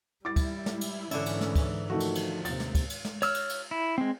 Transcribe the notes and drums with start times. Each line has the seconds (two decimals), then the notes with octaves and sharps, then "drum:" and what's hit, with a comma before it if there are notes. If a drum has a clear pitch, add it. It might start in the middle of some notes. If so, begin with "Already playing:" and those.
0.25 G3 E4 D6 A6
0.36 drum: kick, cymbal
0.66 drum: snare
0.81 drum: cymbal
1.11 G#2 D3 E3 C#4 E4, drum: cymbal
1.26 drum: cymbal
1.41 drum: snare
1.56 drum: kick, cymbal
1.90 D#3 F3 A3 F#4
2.00 drum: cymbal
2.15 drum: cymbal
2.45 D#2 C3 A6, drum: cymbal
2.60 drum: snare
2.75 drum: kick, cymbal
2.90 drum: cymbal
3.05 drum: snare
3.22 C#5 E6 F6, drum: cymbal
3.34 drum: cymbal
3.49 drum: cymbal
3.71 E4
3.98 G#3 C4